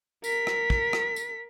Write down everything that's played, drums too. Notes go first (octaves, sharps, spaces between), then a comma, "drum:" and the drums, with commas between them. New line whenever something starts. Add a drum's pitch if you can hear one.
A#4 B6, drum: tambourine
drum: rim click
drum: kick
drum: rim click
drum: tambourine